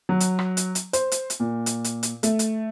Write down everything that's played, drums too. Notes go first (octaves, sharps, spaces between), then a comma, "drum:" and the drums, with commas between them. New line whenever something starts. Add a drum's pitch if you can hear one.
F#3
drum: hi-hat
drum: rim click
drum: hi-hat
drum: hi-hat
C5, drum: hi-hat
drum: hi-hat
drum: hi-hat
A#2
drum: hi-hat
drum: hi-hat
drum: hi-hat
A3, drum: hi-hat
drum: hi-hat